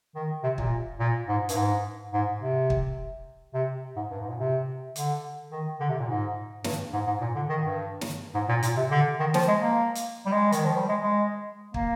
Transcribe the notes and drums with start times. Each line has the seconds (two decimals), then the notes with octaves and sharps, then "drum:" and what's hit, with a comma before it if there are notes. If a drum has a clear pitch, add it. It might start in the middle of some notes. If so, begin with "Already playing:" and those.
0.15 D#3
0.43 C3
0.58 A#2, drum: kick
0.99 A#2
1.28 G#2
1.49 G2, drum: hi-hat
1.56 G#2
2.13 G#2
2.41 C3
2.70 drum: kick
3.54 C3
3.96 G#2
4.11 G2
4.21 G#2
4.29 A#2
4.39 C3
4.96 D3, drum: hi-hat
5.52 D#3
5.80 D3
5.89 C3
6.00 A#2
6.08 G#2
6.64 G2, drum: snare
6.93 G#2
7.07 G#2
7.21 A#2
7.36 D3
7.49 D#3
7.64 G2
8.01 drum: snare
8.34 G#2
8.49 A#2
8.63 A#2, drum: hi-hat
8.77 C3
8.91 D3
9.20 D#3
9.34 F3, drum: snare
9.48 G#3
9.61 A#3
9.95 drum: hi-hat
10.26 G3
10.32 G#3
10.52 D#3, drum: hi-hat
10.65 F3
10.77 G3
10.89 G#3
11.03 G#3
11.74 A#3, drum: kick